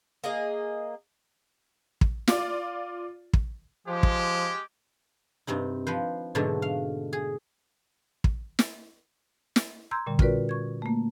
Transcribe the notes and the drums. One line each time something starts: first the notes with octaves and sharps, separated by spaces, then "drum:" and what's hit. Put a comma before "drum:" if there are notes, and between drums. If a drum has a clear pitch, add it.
A#3 G#4 D#5
drum: kick
F4 D5, drum: snare
drum: kick
F3 G#3 G4
drum: kick
G2 C3 C4 D#4
F3 B4 C5
G#2 B2 D3 F#3 A3 D4
F5
G#4
drum: kick
drum: snare
drum: snare
A#5 C6 E6 G6 G#6
A#2 D3 G3
C#4 F4 F#4 A#4 B4 D5, drum: kick
C#6 G#6
A3 A#3